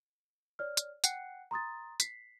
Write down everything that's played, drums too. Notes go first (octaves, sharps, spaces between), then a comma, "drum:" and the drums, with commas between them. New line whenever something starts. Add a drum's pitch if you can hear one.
C#5 D5 F6
drum: hi-hat
F#5 G5 F#6 C7 C#7, drum: hi-hat
A#5 C6 D#6 A6
B6 C7, drum: hi-hat